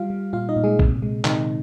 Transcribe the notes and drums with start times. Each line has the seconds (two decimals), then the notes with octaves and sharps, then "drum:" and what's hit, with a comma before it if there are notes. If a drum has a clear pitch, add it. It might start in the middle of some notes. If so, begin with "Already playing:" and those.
Already playing: G3 F4 F5
0.10 G3
0.33 A#2 F4 F5
0.49 D#4 D#5
0.56 A#2
0.64 G#3 G#4
0.79 C3, drum: kick A#1
1.02 G#3
1.24 C3 D#3 D#4, drum: clap